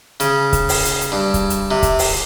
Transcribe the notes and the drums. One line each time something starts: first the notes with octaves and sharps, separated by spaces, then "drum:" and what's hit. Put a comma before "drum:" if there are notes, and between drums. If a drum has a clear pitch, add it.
C#3, drum: hi-hat
drum: kick C#1, hi-hat
drum: open hi-hat
drum: hi-hat
drum: hi-hat
G2
drum: kick C#1, hi-hat
drum: hi-hat
C3
drum: kick C#1, hi-hat
drum: open hi-hat